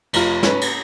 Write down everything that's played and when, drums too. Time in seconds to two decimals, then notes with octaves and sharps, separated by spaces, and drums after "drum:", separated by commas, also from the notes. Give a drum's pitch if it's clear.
0.13 F1 F4, drum: cymbal
0.43 C#4 B4, drum: snare
0.61 drum: cymbal